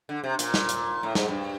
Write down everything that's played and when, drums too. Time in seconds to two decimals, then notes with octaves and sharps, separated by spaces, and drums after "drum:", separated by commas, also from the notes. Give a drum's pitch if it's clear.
0.09 D3
0.24 C3
0.39 A#2, drum: hi-hat
0.54 drum: snare
0.69 drum: hi-hat
1.03 A2
1.15 G#2, drum: snare
1.28 G2